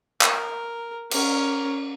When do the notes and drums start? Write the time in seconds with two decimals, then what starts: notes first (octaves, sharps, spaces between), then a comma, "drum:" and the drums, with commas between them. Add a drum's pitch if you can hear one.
0.22 A#4, drum: clap
1.11 C#4 A#4, drum: cymbal